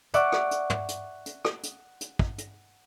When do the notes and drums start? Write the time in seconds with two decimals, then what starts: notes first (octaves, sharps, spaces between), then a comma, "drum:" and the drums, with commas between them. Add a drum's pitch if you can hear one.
0.14 D5 E5 F#5 C#6 D6, drum: hi-hat
0.32 drum: rim click
0.51 drum: hi-hat
0.70 drum: tom
0.88 drum: hi-hat
1.26 drum: hi-hat
1.45 drum: rim click
1.63 drum: hi-hat
2.01 drum: hi-hat
2.19 drum: kick
2.38 drum: hi-hat